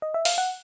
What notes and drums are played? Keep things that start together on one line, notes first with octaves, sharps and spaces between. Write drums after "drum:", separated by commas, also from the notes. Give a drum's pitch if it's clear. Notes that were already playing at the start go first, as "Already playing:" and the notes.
D#5
E5
F5, drum: open hi-hat
F#5